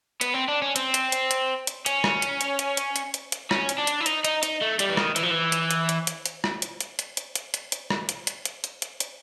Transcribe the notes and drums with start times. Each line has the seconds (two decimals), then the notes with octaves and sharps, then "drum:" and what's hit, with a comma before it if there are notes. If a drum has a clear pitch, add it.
0.21 B3, drum: hi-hat
0.34 C4
0.48 D4
0.62 C#4
0.76 C4, drum: hi-hat
0.94 drum: hi-hat
1.12 drum: hi-hat
1.31 drum: hi-hat
1.67 drum: hi-hat
1.86 C#4, drum: hi-hat
2.04 drum: rim click
2.22 drum: hi-hat
2.41 drum: hi-hat
2.59 drum: hi-hat
2.77 drum: hi-hat
2.96 drum: hi-hat
3.14 drum: hi-hat
3.32 drum: hi-hat
3.51 C#4, drum: rim click
3.69 drum: hi-hat
3.78 D4
3.87 drum: hi-hat
4.00 E4
4.06 D#4, drum: hi-hat
4.25 D#4, drum: hi-hat
4.43 D#4, drum: hi-hat
4.61 A3
4.79 G3, drum: hi-hat
4.89 E3
4.97 D#3, drum: rim click
5.16 E3, drum: hi-hat
5.23 F3
5.31 E3
5.52 drum: hi-hat
5.71 drum: hi-hat
5.89 drum: hi-hat
6.07 drum: hi-hat
6.26 drum: hi-hat
6.44 drum: rim click
6.62 drum: hi-hat
6.81 drum: hi-hat
6.99 drum: hi-hat
7.17 drum: hi-hat
7.35 drum: hi-hat
7.54 drum: hi-hat
7.72 drum: hi-hat
7.90 drum: rim click
8.09 drum: hi-hat
8.27 drum: hi-hat
8.45 drum: hi-hat
8.64 drum: hi-hat
8.82 drum: hi-hat
9.00 drum: hi-hat